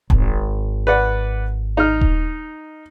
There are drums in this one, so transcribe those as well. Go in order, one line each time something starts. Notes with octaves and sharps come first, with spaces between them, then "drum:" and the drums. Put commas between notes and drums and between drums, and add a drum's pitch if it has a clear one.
G#1, drum: kick D#1
B4 D5 F#5
D#4 F6
drum: kick D#1